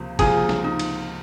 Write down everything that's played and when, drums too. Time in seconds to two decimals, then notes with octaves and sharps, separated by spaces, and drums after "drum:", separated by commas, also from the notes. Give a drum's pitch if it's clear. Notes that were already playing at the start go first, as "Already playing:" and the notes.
Already playing: C#2 C3 F3 A#3
0.19 C#2 C3 F3 A#3 F4 G#4, drum: kick F#1, cymbal
0.49 drum: snare
0.64 D#4
0.79 drum: cymbal